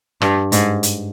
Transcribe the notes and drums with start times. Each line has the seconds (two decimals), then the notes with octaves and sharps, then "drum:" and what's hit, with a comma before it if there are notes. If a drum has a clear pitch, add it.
0.22 G2, drum: rim click
0.52 G#2, drum: hi-hat
0.83 drum: hi-hat